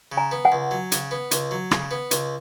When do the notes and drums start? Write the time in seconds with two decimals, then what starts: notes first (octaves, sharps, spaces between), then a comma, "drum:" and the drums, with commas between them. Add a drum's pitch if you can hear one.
0.12 C#3
0.17 G#5 A#5
0.31 B3
0.45 F#5 G#5
0.52 C#2
0.71 F#3
0.92 C#3, drum: hi-hat
1.11 B3
1.31 C#2, drum: hi-hat
1.51 F#3
1.71 C#3, drum: rim click
1.91 B3
2.11 C#2, drum: hi-hat